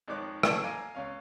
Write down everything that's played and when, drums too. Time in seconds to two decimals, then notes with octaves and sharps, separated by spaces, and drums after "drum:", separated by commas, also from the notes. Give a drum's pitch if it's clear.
0.08 F2 D#3 G#3 C#5 D6 F#6
0.43 C#4 A4, drum: rim click
0.63 D#5 F5 G#5 A#5 D6 F6
0.95 C#2 C#4 F5